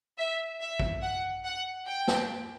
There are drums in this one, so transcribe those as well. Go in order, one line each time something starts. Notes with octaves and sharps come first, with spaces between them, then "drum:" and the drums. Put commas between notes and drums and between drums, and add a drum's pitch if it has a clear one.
E5
E5
drum: kick A1
F#5
F#5
G5
drum: snare